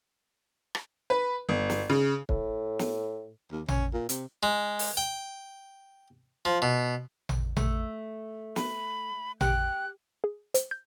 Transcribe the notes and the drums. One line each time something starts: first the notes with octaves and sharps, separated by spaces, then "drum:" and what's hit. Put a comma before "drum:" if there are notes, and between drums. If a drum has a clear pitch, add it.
drum: rim click
B4
G1
drum: snare
C#3
A2, drum: kick
drum: snare
D#2
C#4, drum: tom A1
A#2
C3, drum: hi-hat
G#3
drum: open hi-hat
G5
F3
B2
drum: tom A1
A3, drum: tom A1
B5, drum: snare
G4 G5 F#6, drum: tom A1
G#4
C5, drum: hi-hat
G6